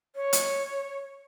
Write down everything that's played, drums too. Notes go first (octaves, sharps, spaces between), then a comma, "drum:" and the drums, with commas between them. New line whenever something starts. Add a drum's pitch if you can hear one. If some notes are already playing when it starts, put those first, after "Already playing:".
C#5
drum: hi-hat